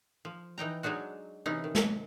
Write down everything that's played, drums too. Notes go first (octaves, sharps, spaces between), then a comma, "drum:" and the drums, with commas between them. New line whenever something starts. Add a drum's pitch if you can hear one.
F3
E3 D#4 G5 A#5
F#3 G#3 D4 D#4 F#4
C3 E3 C#4 D#4
D#3
drum: snare